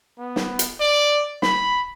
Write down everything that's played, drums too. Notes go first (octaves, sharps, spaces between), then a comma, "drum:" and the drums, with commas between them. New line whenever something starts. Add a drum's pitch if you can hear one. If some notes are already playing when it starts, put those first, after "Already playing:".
B3
drum: snare
drum: hi-hat
D5
B5, drum: snare